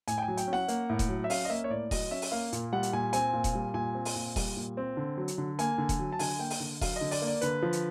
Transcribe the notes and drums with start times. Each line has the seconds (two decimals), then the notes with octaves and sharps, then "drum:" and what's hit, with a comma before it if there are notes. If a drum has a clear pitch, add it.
0.08 A2 G#5, drum: hi-hat
0.18 G5
0.22 G#5
0.28 F#3
0.37 G5, drum: hi-hat
0.48 C#4
0.53 F#5, drum: snare E4
0.68 A#3, drum: hi-hat
0.90 A2
0.99 drum: kick E1, hi-hat
1.09 F#3
1.24 E5
1.30 C#4 F5, drum: open hi-hat
1.45 D#5
1.50 A#3 E5
1.64 C#5
1.70 A2 D5
1.91 F#3 D#5, drum: kick E1, open hi-hat
2.11 C#4 E5
2.22 drum: open hi-hat
2.32 A#3 F5
2.52 A#2, drum: hi-hat
2.73 G3 F#5
2.83 drum: hi-hat
2.93 A#2 G#5
3.13 C4 G#5, drum: hi-hat
3.33 A#2
3.44 drum: kick E1, hi-hat
3.55 G3
3.74 A#2 G#5
3.95 C4
4.05 drum: open hi-hat
4.16 A#2
4.36 G3, drum: kick E1, open hi-hat
4.57 A#2
4.77 C4
4.97 D3
5.17 F#3
5.28 drum: hi-hat
5.38 D3
5.59 A#3 G#5, drum: hi-hat
5.78 D3
5.89 drum: kick E1, hi-hat
5.99 F#3
6.12 A5
6.19 D3 G#5, drum: open hi-hat
6.39 A#3 G5
6.50 drum: open hi-hat
6.60 D3
6.81 F#3 F5, drum: kick E1, open hi-hat
6.96 D#5
7.01 D3
7.11 D5, drum: open hi-hat
7.22 A#3
7.27 D5
7.41 D3 B4, drum: hi-hat
7.63 F3
7.73 drum: hi-hat